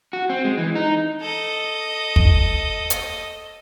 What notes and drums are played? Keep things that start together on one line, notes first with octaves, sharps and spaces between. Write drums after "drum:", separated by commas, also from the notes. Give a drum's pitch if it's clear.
F#4
C4
G#3
E3
D#4
A4 D#5
drum: kick
drum: hi-hat